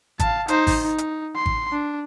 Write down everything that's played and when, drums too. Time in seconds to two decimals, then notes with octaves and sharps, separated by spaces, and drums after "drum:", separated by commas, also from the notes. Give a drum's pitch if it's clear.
0.19 F5 A5, drum: kick G#1, hi-hat
0.48 D#4 C5, drum: hi-hat
0.67 drum: kick G#1, open hi-hat
0.83 D#4
0.98 drum: hi-hat
1.35 C6
1.46 drum: kick G#1
1.72 D4